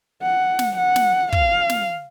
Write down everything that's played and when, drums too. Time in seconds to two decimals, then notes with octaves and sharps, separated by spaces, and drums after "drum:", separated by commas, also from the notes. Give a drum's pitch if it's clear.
0.22 F#5
0.59 drum: snare
0.77 F#5
0.96 drum: snare
1.32 F5, drum: kick
1.69 drum: snare